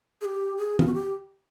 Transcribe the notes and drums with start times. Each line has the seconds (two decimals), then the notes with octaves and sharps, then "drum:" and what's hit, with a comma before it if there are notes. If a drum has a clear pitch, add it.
0.21 G#4
0.25 G4
0.57 G#4
0.79 F4, drum: tom D#3
0.86 F#4
0.94 G4